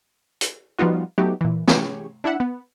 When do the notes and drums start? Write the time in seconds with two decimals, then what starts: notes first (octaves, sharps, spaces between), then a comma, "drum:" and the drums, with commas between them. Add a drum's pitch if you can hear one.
0.41 drum: hi-hat
0.79 F3 G3 B3 D#4 F4 F#4
1.18 F#3 A3 B3 D#4 F#4 G4
1.41 A#2 E3
1.68 E3 C#4 G4 G#4 C#5, drum: snare
2.24 D4 E4 E5 F#5
2.40 B3